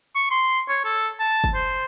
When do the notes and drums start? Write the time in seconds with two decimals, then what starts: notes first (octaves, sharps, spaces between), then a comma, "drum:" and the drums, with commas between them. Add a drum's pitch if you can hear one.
0.15 C#6
0.31 C6
0.69 C#5
0.85 A4
1.20 A5
1.44 drum: kick
1.54 C5